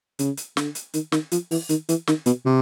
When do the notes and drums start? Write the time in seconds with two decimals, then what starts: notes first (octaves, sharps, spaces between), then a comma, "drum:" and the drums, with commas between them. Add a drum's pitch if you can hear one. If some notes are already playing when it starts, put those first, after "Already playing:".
0.19 C#3, drum: hi-hat
0.37 drum: hi-hat
0.57 D3, drum: snare
0.75 drum: hi-hat
0.94 D#3, drum: hi-hat
1.12 D#3, drum: snare
1.31 F3, drum: hi-hat
1.51 E3, drum: open hi-hat
1.69 D#3, drum: hi-hat
1.89 E3, drum: hi-hat
2.07 D#3, drum: snare
2.26 B2, drum: hi-hat
2.45 C3